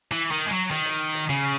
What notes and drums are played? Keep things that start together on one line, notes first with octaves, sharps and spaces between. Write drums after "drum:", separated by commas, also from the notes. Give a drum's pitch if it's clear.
E3
D#3
G#3
F#3
D#3, drum: hi-hat
drum: hi-hat
drum: hi-hat
C#3, drum: hi-hat